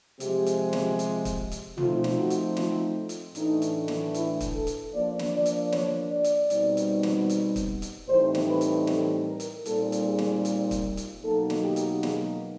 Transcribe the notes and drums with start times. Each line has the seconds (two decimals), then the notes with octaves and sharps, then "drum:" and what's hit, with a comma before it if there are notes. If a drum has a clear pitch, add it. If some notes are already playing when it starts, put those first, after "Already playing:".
0.20 C3 F3 G#3 C4 G4, drum: hi-hat
0.46 drum: hi-hat
0.73 drum: snare
0.99 drum: hi-hat
1.25 drum: kick, hi-hat
1.52 drum: hi-hat
1.78 F3 A3 C4 D#4 F4, drum: tom
2.04 drum: snare
2.17 F#4
2.30 drum: hi-hat
2.57 F4, drum: snare
3.09 drum: hi-hat
3.35 A2 E3 A3 D4 D#4, drum: hi-hat
3.62 drum: hi-hat
3.88 drum: snare
4.14 E4, drum: hi-hat
4.40 drum: kick, hi-hat
4.53 A4
4.67 drum: hi-hat
4.93 F3 A#3 D4 D5
5.19 drum: snare
5.33 D5
5.46 drum: hi-hat
5.72 C#5, drum: snare
6.11 D5
6.24 drum: hi-hat
6.50 B2 G3 C4 D#4, drum: hi-hat
6.77 drum: hi-hat
7.03 drum: snare
7.29 drum: hi-hat
7.56 drum: kick, hi-hat
7.82 drum: hi-hat
8.08 A2 E3 G3 C4 D#4 C5
8.35 drum: snare
8.48 B4
8.61 drum: hi-hat
8.87 A4, drum: snare
9.27 A#4
9.40 drum: hi-hat
9.66 A#2 G3 C4 D#4 A4, drum: hi-hat
9.92 drum: hi-hat
10.06 G#4
10.18 drum: snare
10.45 drum: hi-hat
10.71 drum: kick, hi-hat
10.97 drum: hi-hat
11.23 B2 F#3 A#3 D#4 A4
11.50 drum: snare
11.62 G4
11.76 drum: hi-hat
12.03 G#4, drum: snare